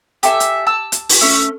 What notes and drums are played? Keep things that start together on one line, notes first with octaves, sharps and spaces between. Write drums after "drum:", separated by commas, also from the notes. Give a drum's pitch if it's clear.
G4 A4 E5 G#5, drum: hi-hat
drum: hi-hat
A5 E6
drum: hi-hat
drum: open hi-hat
A3 C#4